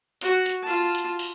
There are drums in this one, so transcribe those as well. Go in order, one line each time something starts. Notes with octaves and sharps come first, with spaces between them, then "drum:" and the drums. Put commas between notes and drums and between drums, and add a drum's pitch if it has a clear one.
F#4, drum: hi-hat
drum: hi-hat
F4 A5
drum: hi-hat
drum: open hi-hat